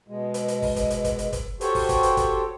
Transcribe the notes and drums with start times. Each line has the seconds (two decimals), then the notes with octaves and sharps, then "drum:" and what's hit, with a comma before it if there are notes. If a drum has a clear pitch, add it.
0.08 B2 G#3
0.34 drum: hi-hat
0.48 drum: hi-hat
0.62 drum: kick, open hi-hat
0.76 drum: kick, hi-hat
0.90 drum: hi-hat
1.04 drum: kick, hi-hat
1.19 drum: hi-hat
1.33 drum: kick, hi-hat
1.61 F#4 G4 A4 C5 C#5, drum: hi-hat
1.75 drum: kick, open hi-hat
1.89 drum: kick, hi-hat
2.03 drum: hi-hat
2.17 drum: kick, hi-hat